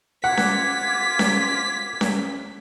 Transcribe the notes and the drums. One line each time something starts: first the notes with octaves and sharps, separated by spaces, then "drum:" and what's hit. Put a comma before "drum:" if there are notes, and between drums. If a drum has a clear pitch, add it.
F4 F#5 D6 G#6 B6
drum: snare C#4
drum: snare C#4
drum: snare C#4